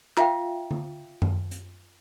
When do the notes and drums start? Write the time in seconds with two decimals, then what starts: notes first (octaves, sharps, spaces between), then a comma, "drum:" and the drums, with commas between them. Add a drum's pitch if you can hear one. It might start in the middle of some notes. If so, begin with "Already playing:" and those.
0.17 F4 E5 F5 G5, drum: clap
0.71 drum: tom D3
1.22 drum: tom F#2
1.51 drum: hi-hat